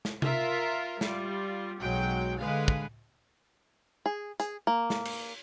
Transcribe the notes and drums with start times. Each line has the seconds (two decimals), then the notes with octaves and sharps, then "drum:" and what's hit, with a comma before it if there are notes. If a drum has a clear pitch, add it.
0.05 drum: snare
0.22 F4 A#4 E5, drum: tom C3
1.01 G3 F4, drum: snare
1.79 B1 F#3 G#3 G5
2.40 D3 G#3 B4 F5
2.68 drum: kick
4.06 G#4
4.40 G#4, drum: hi-hat
4.67 A#3
4.90 drum: snare
5.05 drum: cymbal